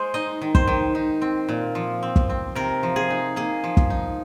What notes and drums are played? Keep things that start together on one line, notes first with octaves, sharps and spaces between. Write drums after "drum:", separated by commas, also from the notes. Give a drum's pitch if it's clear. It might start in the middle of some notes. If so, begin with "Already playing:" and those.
Already playing: G#3 C5
D#4 D#5
D#3
C5, drum: kick
D#3
D#4
C4
A#2
F3
C4
drum: kick
C4
C3 A#4
F3
G#4
D#4
A#3 G#4
F3
drum: kick
D#4